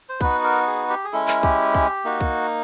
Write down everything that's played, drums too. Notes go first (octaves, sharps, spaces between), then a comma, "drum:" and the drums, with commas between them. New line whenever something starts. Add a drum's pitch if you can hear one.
C5
B3 D#4 F#4 B4, drum: kick
A#4
G#4
G4
G#4
G#3 C#4 E4 A4
A#4, drum: clap
G4, drum: kick
drum: kick
A#3 D#4 F#4
drum: kick